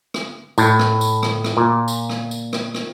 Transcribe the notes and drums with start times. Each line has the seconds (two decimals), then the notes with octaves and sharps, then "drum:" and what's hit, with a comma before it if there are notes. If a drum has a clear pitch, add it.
0.14 drum: rim click
0.58 A2, drum: tambourine
0.79 drum: rim click
1.01 drum: tambourine
1.23 drum: rim click
1.44 drum: rim click
1.57 A#2
1.88 drum: tambourine
2.09 drum: rim click
2.31 drum: tambourine
2.53 drum: rim click
2.74 drum: rim click